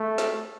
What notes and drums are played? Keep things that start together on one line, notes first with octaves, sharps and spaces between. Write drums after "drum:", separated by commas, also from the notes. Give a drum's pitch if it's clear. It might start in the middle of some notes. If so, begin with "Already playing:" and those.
Already playing: A3
drum: snare